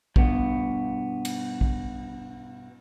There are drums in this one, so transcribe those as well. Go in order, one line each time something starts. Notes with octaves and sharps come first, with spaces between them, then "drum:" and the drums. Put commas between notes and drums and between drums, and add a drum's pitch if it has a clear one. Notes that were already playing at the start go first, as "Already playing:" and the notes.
G2 B2 B3, drum: kick
drum: cymbal
drum: kick